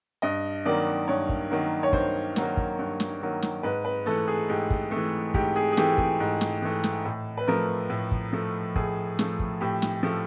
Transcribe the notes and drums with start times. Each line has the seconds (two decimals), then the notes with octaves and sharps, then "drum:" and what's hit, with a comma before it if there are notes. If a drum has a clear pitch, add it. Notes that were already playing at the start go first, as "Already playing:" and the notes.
0.22 G2 D#5
0.65 D#3 F#3 A#3 D5
1.08 G2 C#5
1.29 drum: kick
1.50 D#3 F#3 A#3
1.83 C#5
1.93 G2 C5, drum: kick
2.36 D#3 F#3 A#3, drum: snare
2.57 drum: kick
2.79 G2
3.00 drum: snare
3.21 D#3 F#3 A#3
3.42 drum: snare
3.63 G#2 B4
3.85 B4
4.06 E3 A3 A4
4.28 G#4
4.49 G#2 G4
4.70 drum: kick
4.91 E3 A3
5.34 G#2 G4, drum: kick
5.56 G#4
5.72 G#4
5.77 E3 A3 G4, drum: snare
5.98 G#4, drum: kick
6.20 G#2
6.41 drum: snare
6.62 E3 A3
6.84 drum: snare
7.05 A2
7.37 B4
7.47 F3 A3 A#4
7.90 A2
8.12 drum: kick
8.33 F3 A3
8.76 A2 G#4, drum: kick
9.19 F3 A3, drum: snare
9.39 drum: kick
9.61 A2 G4
9.82 drum: snare
10.03 F3 A3